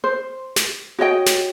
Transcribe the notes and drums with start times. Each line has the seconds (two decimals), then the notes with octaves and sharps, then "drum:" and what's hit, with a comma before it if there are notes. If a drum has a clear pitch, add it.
0.04 C5
0.56 drum: snare
0.99 F#4 C#5 D#5 G5
1.26 drum: snare